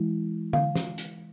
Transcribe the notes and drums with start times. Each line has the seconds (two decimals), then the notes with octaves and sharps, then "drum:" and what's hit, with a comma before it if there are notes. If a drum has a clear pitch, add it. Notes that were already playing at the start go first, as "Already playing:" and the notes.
Already playing: E3 G#3 E4
0.53 F5, drum: tom D3
0.75 drum: snare
0.98 drum: hi-hat